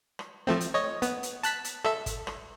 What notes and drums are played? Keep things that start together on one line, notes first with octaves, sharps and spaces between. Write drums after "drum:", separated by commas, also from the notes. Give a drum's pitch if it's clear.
drum: rim click
F3 A3 C4
drum: hi-hat
C#5 D#5
B3, drum: hi-hat
drum: hi-hat
A5 F#6 B6, drum: hi-hat
drum: hi-hat
A4 E5, drum: rim click
drum: kick, hi-hat
drum: rim click